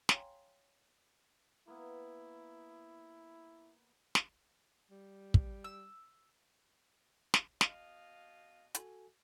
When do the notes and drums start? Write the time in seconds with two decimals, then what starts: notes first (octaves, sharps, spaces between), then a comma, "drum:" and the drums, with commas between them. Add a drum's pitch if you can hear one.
0.09 C#5 F5 G5 G#5 A#5 C6, drum: snare
1.68 A#3 B3 E4
4.15 drum: snare
4.91 G3
5.34 drum: kick
5.64 E6
7.34 drum: snare
7.61 B2 D#5 F5, drum: snare
8.75 F#4 A4 G#5, drum: hi-hat